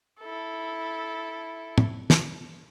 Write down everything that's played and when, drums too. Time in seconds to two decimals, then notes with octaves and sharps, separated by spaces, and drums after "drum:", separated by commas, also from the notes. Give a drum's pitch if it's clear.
0.20 E4 A4
1.78 drum: tom
2.10 drum: snare